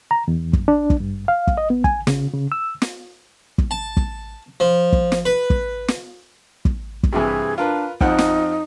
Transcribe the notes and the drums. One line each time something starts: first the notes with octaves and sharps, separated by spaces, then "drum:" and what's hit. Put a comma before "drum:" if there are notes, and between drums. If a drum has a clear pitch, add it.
A#5
E2
F#2, drum: kick
D4
drum: kick
G2
F5
drum: kick
D#5
B3
G#5, drum: kick
C#3, drum: snare
C#3
E6
drum: snare
drum: kick
A5
drum: kick
F3
drum: kick
drum: snare
B4
drum: kick
drum: snare
drum: kick
drum: kick
G2 C3 E3 G#4
D4 F4 A#4 B4
F2 F3 D#4 F#5, drum: kick
drum: snare